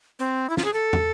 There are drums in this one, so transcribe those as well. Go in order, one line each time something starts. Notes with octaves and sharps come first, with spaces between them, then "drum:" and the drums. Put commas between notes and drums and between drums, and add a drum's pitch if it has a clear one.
C4
E4
F4, drum: snare
G#4
A4
drum: tom